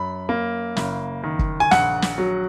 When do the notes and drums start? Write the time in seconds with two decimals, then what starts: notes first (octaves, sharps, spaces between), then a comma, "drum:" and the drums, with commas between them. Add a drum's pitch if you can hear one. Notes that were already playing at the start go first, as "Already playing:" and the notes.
Already playing: F#2 B5
0.29 A#3
0.77 F#1, drum: snare
1.24 D#3
1.39 drum: kick
1.60 G#5
1.71 A#1 F#5, drum: snare
2.02 drum: snare
2.18 F#3